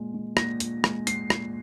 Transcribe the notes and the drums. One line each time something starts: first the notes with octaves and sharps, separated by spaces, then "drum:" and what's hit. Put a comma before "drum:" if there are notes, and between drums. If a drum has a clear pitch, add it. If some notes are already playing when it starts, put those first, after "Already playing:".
Already playing: A#2 G#3
G#3
A#2 A#6, drum: rim click
A#2, drum: hi-hat
G#3, drum: rim click
G#3 C7, drum: hi-hat
A#2, drum: rim click